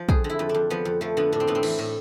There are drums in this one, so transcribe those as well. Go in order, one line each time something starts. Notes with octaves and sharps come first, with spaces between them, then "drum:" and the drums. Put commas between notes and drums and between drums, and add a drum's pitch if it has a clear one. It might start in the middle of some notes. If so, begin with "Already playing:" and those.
Already playing: F3
F2 G#4, drum: kick
D3
E4
F2
D4
F2
F3 B3
F2
F3 A3
D3 B3
A2 D4
C4
A2 B3
C4
E3, drum: cymbal
A2